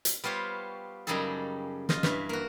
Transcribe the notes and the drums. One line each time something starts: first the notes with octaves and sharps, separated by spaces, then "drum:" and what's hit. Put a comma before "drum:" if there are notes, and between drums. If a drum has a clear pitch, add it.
drum: hi-hat
G3 B3 F4 C5 C#5
F#2 C#3 G3 D#4 G#4 A4
F4 D#5, drum: snare
G2 E3, drum: snare
A#3 F#4